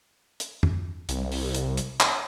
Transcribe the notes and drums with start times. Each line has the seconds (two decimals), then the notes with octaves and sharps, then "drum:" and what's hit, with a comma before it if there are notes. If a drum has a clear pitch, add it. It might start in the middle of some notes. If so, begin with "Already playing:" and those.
0.40 drum: hi-hat
0.63 drum: tom F2
1.09 C2, drum: hi-hat
1.32 drum: open hi-hat
1.55 drum: hi-hat
1.77 drum: hi-hat
2.00 drum: clap